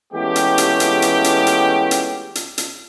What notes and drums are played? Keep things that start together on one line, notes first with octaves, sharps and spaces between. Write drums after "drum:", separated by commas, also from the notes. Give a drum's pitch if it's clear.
E3 G#3 A3 B3 C#4 G4
drum: hi-hat
drum: hi-hat
drum: hi-hat
drum: hi-hat
drum: hi-hat
drum: hi-hat
drum: hi-hat
drum: hi-hat
drum: hi-hat